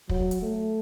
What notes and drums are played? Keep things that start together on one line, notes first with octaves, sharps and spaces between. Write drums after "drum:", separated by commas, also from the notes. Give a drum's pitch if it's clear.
F#3, drum: kick
drum: hi-hat
A3